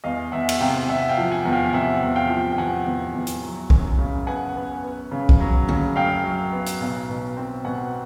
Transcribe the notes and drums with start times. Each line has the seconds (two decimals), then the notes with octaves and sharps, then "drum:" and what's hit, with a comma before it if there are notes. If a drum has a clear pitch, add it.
0.04 E2 D#5 F5
0.32 E2 E5 F#5
0.49 drum: cymbal
0.61 C3 F5 G5
0.88 C3 E5 F#5
1.09 F5 G5
1.18 F3
1.31 F#5 G#5
1.45 E2
1.52 F5 G5
1.73 C3 E5 F#5
2.02 E2
2.15 F5 G5
2.29 F3
2.52 G5
2.58 E2 F#5 G#5
2.86 E2
3.14 E2
3.27 drum: hi-hat
3.43 F#3
3.70 F#2, drum: kick B1
3.98 C#3
4.27 B3 F#5 G#5
4.55 B3
4.83 B3
5.12 C#3
5.29 drum: kick B1
5.40 F#3
5.68 C#3, drum: tom D3
5.96 F#2 F5 G5
6.24 F#3
6.52 B3
6.66 drum: hi-hat
6.81 B1
7.09 B2
7.37 C4
7.65 B2 F#5 G#5